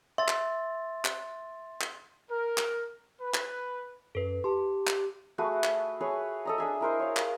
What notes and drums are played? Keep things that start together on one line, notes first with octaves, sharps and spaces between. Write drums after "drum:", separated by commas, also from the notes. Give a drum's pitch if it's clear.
E5 C6 A6
drum: clap
drum: clap
drum: clap
A#4
drum: clap
B4
drum: clap
F#2 A4 B4
G4 A5 C6
drum: clap
A3 F#4 G#4 B4
drum: clap
G#4 B4 C#5 C#6
A4 D#5 A#5
D4 G#4 E5
E4 A#4 C5 D#5
C#5 F5
drum: clap